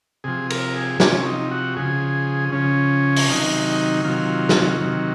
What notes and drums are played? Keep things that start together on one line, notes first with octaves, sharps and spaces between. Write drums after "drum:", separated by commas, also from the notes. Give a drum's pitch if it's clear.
C3 F3 G#4
A#4, drum: cymbal
G#4
C3 F3 C#4, drum: snare
D#4
F#4
C#3 F3 G#4
C#3 F3 C#4
drum: open hi-hat
C3 D#3 F#3 D#4
D#4
C3 D#3 F#3 F4
drum: snare
C3 D#3 F#3